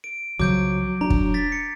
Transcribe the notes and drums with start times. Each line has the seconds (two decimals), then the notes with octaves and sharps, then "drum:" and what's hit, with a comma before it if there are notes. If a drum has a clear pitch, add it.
0.04 D7
0.40 C2 C#3 F3 F#3 D6 G6 D7
1.01 D4 A#5
1.10 drum: kick
1.34 A6 B6
1.52 C#7